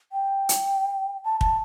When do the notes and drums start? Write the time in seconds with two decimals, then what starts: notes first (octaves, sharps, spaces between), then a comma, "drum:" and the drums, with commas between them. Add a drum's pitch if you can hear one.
0.12 G5
0.49 drum: hi-hat
1.25 A5
1.41 A5, drum: kick